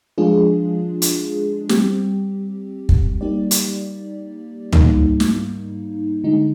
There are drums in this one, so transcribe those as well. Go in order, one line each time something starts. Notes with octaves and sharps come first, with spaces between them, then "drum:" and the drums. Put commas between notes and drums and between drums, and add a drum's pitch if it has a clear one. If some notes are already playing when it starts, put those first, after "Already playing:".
F3 G#3 D4 F4 G#4
drum: hi-hat
G3 C4 G4, drum: snare
drum: kick
G3 A#3 D#4 G4 D5
drum: hi-hat
G#2 G3 A#3 D#4, drum: tom C#2
drum: snare
D3 G#3 D#4